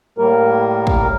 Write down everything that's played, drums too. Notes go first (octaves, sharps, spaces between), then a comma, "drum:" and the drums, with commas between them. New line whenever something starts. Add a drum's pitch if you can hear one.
A2 G3 A#3 A#4
drum: kick